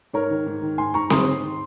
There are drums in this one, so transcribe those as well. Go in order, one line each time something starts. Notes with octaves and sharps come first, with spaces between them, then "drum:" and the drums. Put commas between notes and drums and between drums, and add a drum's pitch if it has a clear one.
G#2 A#4 C#5
D#3
G#2
D#3
G#2 G#5 C6
G#2 A#5 C#6
G#2 C6 D#6, drum: snare C4
G#2
D#3